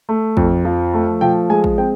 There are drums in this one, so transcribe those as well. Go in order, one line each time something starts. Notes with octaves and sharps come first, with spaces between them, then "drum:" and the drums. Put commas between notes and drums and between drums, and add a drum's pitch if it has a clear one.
A3
F2, drum: kick
F3
A3
F3 G5, drum: tom A#2
G#3 G#5
drum: kick
C4 G5